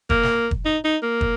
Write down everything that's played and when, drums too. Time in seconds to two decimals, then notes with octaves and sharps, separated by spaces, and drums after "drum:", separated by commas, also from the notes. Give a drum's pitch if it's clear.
0.10 A#3, drum: kick
0.23 drum: snare
0.51 drum: kick
0.65 D#4
0.84 D#4
1.02 A#3
1.21 drum: kick